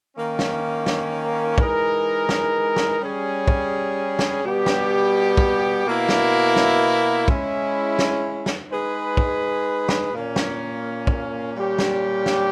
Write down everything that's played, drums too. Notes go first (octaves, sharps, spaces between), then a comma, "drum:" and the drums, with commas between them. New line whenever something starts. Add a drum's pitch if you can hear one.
D#3 A#3 C#4
drum: snare
drum: snare
E3 G#3 D#4 A#4, drum: kick
drum: snare
drum: snare
G3 C#4 G#4
drum: kick
drum: snare
B2 G3 B3 G4
drum: snare
drum: kick
B2 A#3 E4
drum: snare
drum: snare
G#3 C#4 E4, drum: kick
drum: snare
drum: snare
G#3 D#4 G#4 B4
drum: kick
drum: snare
A#2 A#3 C#4
drum: snare
drum: kick
A#2 G3 C#4 G4
drum: snare
drum: snare